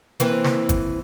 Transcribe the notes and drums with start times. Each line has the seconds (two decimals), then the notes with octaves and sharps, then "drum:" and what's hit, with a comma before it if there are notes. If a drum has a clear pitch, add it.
0.20 E3 A#3 C4, drum: hi-hat
0.44 drum: snare
0.69 drum: kick G1, hi-hat